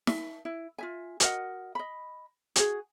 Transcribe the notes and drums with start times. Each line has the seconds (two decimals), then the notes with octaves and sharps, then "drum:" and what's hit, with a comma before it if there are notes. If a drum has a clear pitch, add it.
0.07 E5, drum: snare
0.45 E4
0.78 F4 E5 G#5
1.20 F#4 A#4 D#5 F#5, drum: hi-hat
1.75 D#5 B5
2.56 F#4 G#4, drum: hi-hat